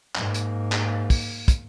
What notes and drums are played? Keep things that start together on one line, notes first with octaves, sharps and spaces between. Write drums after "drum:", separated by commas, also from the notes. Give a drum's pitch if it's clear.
G#2 A#3, drum: clap
drum: hi-hat
drum: clap
drum: kick, open hi-hat
drum: kick, hi-hat